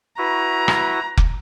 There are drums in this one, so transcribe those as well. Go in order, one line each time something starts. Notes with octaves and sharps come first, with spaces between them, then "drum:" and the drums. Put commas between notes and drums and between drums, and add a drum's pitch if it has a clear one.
E4 F#4 B4 A#5
drum: rim click
drum: kick F1